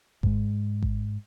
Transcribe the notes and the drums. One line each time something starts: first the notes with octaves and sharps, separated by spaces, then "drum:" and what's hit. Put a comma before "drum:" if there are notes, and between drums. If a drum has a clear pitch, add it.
G#2 G#3, drum: kick G#1
drum: kick G#1